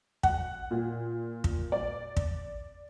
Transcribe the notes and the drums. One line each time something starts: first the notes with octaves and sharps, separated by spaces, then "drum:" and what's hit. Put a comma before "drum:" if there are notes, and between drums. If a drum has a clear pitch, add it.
F#5, drum: kick
A#2
drum: kick
D5
drum: kick